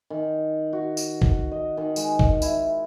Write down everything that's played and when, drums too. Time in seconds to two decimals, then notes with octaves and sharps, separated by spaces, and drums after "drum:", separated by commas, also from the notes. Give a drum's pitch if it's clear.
0.10 D#3
0.73 F#4
0.97 drum: tambourine
1.22 drum: kick
1.52 D#5
1.77 D#3
1.96 G#3, drum: tambourine
2.19 drum: kick
2.42 E4, drum: tambourine